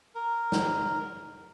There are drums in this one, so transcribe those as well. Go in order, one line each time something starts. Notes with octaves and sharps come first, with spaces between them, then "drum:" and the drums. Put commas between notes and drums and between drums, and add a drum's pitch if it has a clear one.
A#4
drum: snare